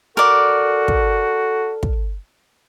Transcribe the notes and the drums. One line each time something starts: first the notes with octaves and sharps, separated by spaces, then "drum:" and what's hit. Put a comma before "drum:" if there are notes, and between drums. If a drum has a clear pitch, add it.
F#4 A4 A#4 D5
drum: kick
drum: kick